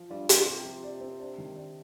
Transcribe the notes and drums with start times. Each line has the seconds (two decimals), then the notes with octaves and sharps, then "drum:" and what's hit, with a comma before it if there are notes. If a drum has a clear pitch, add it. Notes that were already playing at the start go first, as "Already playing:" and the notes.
Already playing: F3 F4
0.10 G2 F3
0.29 G2 F4, drum: hi-hat
0.46 C3 G4
0.65 F3
0.84 D5
1.01 C4
1.20 D4
1.38 D#3
1.56 D4